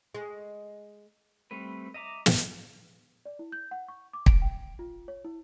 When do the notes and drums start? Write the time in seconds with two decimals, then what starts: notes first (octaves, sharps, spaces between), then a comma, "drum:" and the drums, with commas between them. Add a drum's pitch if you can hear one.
0.15 G#3
1.51 G3 A3 C4 B4
1.94 D#5 E5 A#5 D6
2.26 G#3 D#5, drum: snare
3.26 D5
3.39 E4
3.52 G6
3.71 F#5
3.88 C#6
4.13 D6
4.26 D7, drum: kick
4.42 G5
4.79 F4
5.08 C#5
5.25 E4